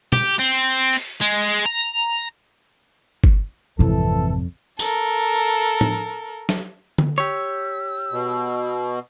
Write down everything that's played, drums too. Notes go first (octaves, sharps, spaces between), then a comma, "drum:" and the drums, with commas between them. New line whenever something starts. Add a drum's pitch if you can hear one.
G4, drum: tom
C4
drum: open hi-hat
G#3
A#5
drum: kick G1
G#1 F2 C3 E3 A4
A4 A#4, drum: tambourine
drum: tom A2
drum: snare
drum: tom D3
G4 C#5 E6
B2